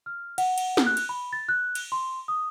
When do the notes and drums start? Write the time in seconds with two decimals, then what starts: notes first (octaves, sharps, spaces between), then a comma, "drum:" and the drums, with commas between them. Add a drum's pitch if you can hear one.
0.06 F6
0.38 F#5, drum: cymbal
0.58 drum: cymbal
0.77 drum: snare
0.86 F#6
0.97 drum: cymbal
1.09 B5
1.33 A6
1.49 F#6
1.75 drum: cymbal
1.92 C6
2.28 D#6